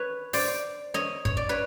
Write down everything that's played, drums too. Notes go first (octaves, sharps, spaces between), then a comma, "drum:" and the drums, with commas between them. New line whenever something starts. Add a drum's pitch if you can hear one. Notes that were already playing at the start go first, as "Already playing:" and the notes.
Already playing: B4 C#5
C5 D5, drum: open hi-hat
C#5 D#5
C#5, drum: kick
D5
B4 C#5